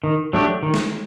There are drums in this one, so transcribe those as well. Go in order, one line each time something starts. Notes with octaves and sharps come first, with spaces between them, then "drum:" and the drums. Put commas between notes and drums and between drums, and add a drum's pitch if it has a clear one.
D#3
F#3 A3 D4 G4
D#3
drum: snare